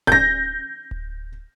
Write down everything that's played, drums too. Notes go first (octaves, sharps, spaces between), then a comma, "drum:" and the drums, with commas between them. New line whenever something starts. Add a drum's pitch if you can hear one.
G6 A#6, drum: kick D1
drum: kick D1